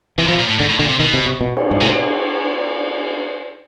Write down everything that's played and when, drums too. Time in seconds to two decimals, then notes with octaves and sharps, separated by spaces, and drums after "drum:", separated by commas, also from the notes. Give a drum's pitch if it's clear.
0.18 C3 E3
0.28 B2 F3
0.39 A#2
0.48 A2
0.59 G#2 D3
0.69 A2
0.79 A#2 D3
0.89 C3
0.99 B2 D#3
1.14 C3
1.26 C3
1.41 B2
1.57 drum: cymbal
1.71 G#2
1.81 A2 C3